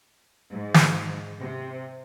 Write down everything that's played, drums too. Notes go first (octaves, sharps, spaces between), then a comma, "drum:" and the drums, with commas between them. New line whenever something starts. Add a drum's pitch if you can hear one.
G#2
drum: snare
C3